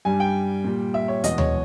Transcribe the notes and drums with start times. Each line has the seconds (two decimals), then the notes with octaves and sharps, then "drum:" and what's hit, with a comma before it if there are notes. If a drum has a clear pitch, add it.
0.05 G2 G3 G#5
0.20 G5
0.64 A#2 G3
0.94 E5
1.08 C#5
1.24 E2 B2 G#3 D#5, drum: hi-hat
1.38 C#5, drum: tom D2